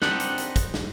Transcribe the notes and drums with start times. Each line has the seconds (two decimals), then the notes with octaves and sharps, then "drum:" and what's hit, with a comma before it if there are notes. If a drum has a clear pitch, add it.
0.02 C4 D4 D#4 B4 D5 F#5, drum: snare
0.20 drum: hi-hat
0.38 drum: hi-hat
0.56 drum: kick, hi-hat
0.74 drum: snare